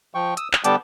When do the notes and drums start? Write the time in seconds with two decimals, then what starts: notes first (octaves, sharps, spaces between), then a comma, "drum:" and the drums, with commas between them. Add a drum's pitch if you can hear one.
0.15 F3 G5 C#6
0.37 D#6 E6, drum: hi-hat
0.53 D#6, drum: clap
0.64 D3 G3 B3 G5 A5 D6, drum: hi-hat